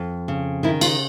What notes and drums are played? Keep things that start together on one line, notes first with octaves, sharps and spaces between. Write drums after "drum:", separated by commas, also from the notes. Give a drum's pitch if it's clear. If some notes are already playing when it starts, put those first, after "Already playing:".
Already playing: F2
C#3
D#3 E4
F4, drum: cymbal